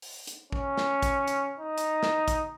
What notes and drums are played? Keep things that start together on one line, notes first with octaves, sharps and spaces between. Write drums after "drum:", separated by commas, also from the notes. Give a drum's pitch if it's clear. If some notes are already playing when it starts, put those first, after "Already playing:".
drum: open hi-hat
drum: hi-hat
C#4, drum: kick A1
drum: snare
drum: kick A1, hi-hat
drum: hi-hat
D#4
drum: hi-hat
drum: snare
drum: kick A1, hi-hat